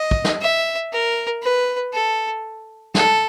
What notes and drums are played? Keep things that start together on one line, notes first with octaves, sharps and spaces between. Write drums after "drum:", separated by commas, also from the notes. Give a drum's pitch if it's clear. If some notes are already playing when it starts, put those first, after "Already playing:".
Already playing: D#5
drum: kick
drum: snare
E5
A#4
B4
A4
A4, drum: snare